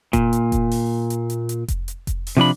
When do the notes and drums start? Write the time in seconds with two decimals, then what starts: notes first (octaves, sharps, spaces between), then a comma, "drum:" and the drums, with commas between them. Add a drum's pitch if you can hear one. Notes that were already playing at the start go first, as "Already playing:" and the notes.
0.13 A#2, drum: kick F1, hi-hat
0.33 drum: hi-hat
0.52 drum: kick F1, hi-hat
0.71 drum: open hi-hat
1.10 drum: hi-hat
1.30 drum: hi-hat
1.49 drum: hi-hat
1.68 drum: kick F1, hi-hat
1.88 drum: hi-hat
2.07 drum: kick F1, hi-hat
2.27 drum: open hi-hat
2.37 C3 F3 D4 B5